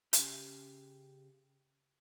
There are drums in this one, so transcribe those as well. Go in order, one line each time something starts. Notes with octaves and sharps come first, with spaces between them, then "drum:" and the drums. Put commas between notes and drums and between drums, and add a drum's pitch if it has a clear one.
C#3 G4, drum: hi-hat